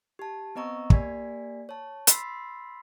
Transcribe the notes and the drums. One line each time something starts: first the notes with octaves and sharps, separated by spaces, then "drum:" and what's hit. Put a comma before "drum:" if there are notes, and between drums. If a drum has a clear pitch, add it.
G4 A5
B3 C4 D#5 A#5 C#6 E6
A#3 G4 D5 G#5 B6, drum: kick
C#5 A5
B5 C6 E6 A6 B6 C7, drum: hi-hat